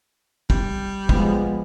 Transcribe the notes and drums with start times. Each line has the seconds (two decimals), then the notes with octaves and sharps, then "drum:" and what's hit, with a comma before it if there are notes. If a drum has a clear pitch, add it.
0.50 G3, drum: kick
1.09 F3 G#3 B3, drum: kick